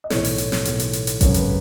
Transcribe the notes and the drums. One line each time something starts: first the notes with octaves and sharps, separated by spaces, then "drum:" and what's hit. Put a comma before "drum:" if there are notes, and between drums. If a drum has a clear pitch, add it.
D#5
B1 A2 E3 A3 C#5, drum: snare
drum: open hi-hat
drum: hi-hat
drum: snare
B1 A2 E3 A3, drum: hi-hat
drum: hi-hat
drum: hi-hat
drum: hi-hat
G#1 F#2 C#3 C#5, drum: kick A1, hi-hat
B4, drum: hi-hat